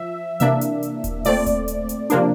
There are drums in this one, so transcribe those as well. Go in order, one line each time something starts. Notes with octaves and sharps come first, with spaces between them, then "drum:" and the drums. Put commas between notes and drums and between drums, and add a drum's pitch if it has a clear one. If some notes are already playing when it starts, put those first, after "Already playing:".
Already playing: F3 E5
C3 E3 A#3 D4 E5, drum: hi-hat
drum: hi-hat
drum: hi-hat
drum: kick D#1, hi-hat
A#2 A3 C4 D5, drum: open hi-hat
drum: kick D#1, hi-hat
drum: hi-hat
drum: hi-hat
C3 F3 A#3 D4, drum: hi-hat